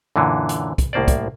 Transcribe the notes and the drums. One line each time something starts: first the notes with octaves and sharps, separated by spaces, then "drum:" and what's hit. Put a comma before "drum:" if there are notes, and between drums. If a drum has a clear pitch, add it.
F#2 A#2 D3 E3
drum: hi-hat
drum: kick, hi-hat
C2 A2 A#3 C5 D5
drum: kick, hi-hat